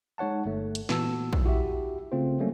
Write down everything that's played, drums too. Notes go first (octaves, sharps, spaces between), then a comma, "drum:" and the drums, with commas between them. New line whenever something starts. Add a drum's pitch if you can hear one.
G#3 D#4 C#5 F#5 A5
G1 A3
drum: hi-hat
A#2 E3 B3 F#4 A5 E6, drum: snare
drum: kick A#1
E4 F#4 G4 E5
C#3 A3 C4 F4 C5
F#3 G3 A3 A#3 C#4